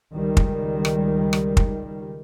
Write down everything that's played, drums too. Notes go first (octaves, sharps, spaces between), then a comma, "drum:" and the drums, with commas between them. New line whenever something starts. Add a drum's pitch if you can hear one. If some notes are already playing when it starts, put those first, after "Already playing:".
C#2 D#3 G3
drum: kick
drum: rim click
drum: rim click
drum: kick